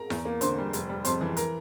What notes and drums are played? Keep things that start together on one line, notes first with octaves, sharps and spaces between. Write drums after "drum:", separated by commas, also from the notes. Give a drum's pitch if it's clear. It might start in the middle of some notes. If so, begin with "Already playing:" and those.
Already playing: A#4 A#5
E2, drum: snare E4
A#3
D3 C5 C6, drum: hi-hat
G3
F1, drum: hi-hat
G3
F2 C5 C6, drum: hi-hat
E3
A#4 A#5, drum: hi-hat